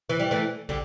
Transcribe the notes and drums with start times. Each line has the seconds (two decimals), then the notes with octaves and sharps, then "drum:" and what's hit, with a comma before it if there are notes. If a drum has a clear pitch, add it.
0.09 E3
0.20 G3
0.31 E3 A3
0.69 D3 G3, drum: kick